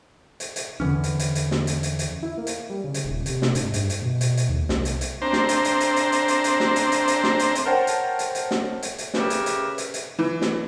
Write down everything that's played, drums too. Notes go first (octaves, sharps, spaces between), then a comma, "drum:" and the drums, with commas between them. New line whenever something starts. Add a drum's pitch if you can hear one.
drum: hi-hat
drum: hi-hat
E2 D3 E3 C#4
drum: hi-hat
drum: hi-hat
drum: hi-hat
drum: snare
drum: hi-hat
drum: hi-hat
drum: hi-hat
E4
A#3
drum: hi-hat
G3
C#3
drum: hi-hat
D#1
C3, drum: hi-hat
drum: snare
G#2, drum: hi-hat
G2, drum: hi-hat
drum: hi-hat
B2
B2, drum: hi-hat
drum: hi-hat
D#2
C2, drum: snare
drum: hi-hat
drum: hi-hat
C4 D4 C5 A#5
drum: snare
drum: hi-hat
drum: hi-hat
drum: hi-hat
drum: hi-hat
drum: hi-hat
drum: hi-hat
drum: hi-hat
drum: snare
drum: hi-hat
drum: hi-hat
drum: hi-hat
drum: snare
drum: hi-hat
drum: hi-hat
A#4 C5 C#5 F#5 G5 A5
drum: hi-hat
drum: hi-hat
drum: hi-hat
drum: snare
drum: hi-hat
drum: hi-hat
C#3 G4 A#4 B4 E5, drum: snare
drum: hi-hat
drum: hi-hat
drum: hi-hat
drum: hi-hat
E3
drum: snare